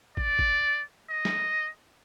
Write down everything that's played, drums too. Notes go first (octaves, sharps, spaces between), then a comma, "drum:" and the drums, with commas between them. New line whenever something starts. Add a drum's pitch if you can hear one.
D5, drum: kick
drum: kick
D#5
drum: snare